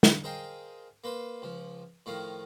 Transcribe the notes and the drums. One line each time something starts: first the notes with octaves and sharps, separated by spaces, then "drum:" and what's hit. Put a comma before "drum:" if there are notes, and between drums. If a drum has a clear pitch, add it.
drum: snare
G#4 A#4 C5 D#5 F5 G5
A#3 B4 C5
C#2 F3
A2 D#3 F3 F5